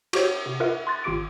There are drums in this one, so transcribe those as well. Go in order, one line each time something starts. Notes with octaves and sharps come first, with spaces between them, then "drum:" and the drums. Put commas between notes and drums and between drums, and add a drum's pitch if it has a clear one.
F#4 G4 C5 C#5, drum: cymbal
C3
F4 A#4 B4 D#5 E5 F#5
C6 F#6 A6
G#1 F4 G4 D6 D7